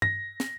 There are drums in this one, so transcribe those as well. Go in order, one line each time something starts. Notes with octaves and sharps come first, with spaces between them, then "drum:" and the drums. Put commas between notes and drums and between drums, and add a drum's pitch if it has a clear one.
A#6, drum: tom G2
drum: snare